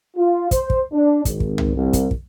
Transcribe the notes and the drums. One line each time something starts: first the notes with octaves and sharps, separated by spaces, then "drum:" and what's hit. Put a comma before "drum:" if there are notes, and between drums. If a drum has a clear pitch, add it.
F4
C5, drum: kick, hi-hat
drum: kick
D4
G#1, drum: kick, hi-hat
drum: kick
drum: tom
C2
drum: kick, hi-hat
drum: kick